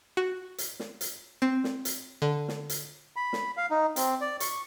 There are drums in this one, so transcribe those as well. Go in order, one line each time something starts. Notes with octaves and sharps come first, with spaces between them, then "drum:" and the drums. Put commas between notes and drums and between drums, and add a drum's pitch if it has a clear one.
F#4
drum: hi-hat
drum: snare
drum: hi-hat
C4
drum: snare
drum: hi-hat
D3
drum: snare
drum: hi-hat
B5
drum: snare
F5
D#4
C4, drum: hi-hat
D5
C#6, drum: hi-hat